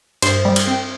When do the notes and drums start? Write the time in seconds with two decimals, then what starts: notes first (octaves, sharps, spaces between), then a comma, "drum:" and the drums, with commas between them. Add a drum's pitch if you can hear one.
0.22 G2 C5, drum: cymbal
0.45 G3
0.56 drum: cymbal
0.67 C4